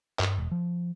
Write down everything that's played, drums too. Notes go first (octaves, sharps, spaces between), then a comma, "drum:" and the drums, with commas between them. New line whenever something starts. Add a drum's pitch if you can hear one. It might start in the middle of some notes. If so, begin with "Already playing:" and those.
G2, drum: clap
E1
F3